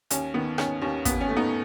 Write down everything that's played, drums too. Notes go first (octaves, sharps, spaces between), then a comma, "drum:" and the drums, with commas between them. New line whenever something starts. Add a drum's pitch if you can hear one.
D#2 C#4, drum: hi-hat
D#3 B3
D#3 C#4, drum: rim click
D#2 C#4
D#2 B3, drum: kick, hi-hat
C#4
A3
B3 D#4